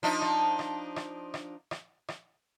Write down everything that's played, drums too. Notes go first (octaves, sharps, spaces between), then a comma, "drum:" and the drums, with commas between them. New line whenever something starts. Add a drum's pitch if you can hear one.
F3 D4 D#4
drum: rim click
drum: rim click
drum: rim click
drum: rim click
drum: rim click
drum: rim click